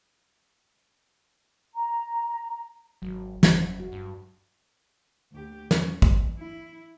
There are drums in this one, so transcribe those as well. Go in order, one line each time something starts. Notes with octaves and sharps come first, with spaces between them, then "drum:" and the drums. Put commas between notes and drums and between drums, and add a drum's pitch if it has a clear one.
A#5
G#1 F#3
F#1, drum: snare
F#4
G2
D2 G4
C#4, drum: snare
E3, drum: kick A1
E4